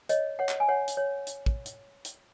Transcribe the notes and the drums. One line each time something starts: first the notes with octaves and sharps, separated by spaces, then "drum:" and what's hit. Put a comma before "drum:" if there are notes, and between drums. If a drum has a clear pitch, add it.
C#5 D#5, drum: hi-hat
C#5 F#5
drum: clap
G#5
C#5 F#5
drum: hi-hat
C#5
drum: hi-hat
drum: kick
drum: hi-hat
drum: hi-hat